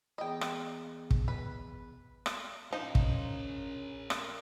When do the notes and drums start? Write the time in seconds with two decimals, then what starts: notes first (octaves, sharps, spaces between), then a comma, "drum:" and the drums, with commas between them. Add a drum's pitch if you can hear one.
0.18 E2 D#4 D#5 G5
0.41 drum: rim click
1.10 drum: kick
1.28 B4
2.26 drum: rim click
2.73 F3 C#4 D#4 A#4 C5
2.95 drum: kick
4.10 drum: rim click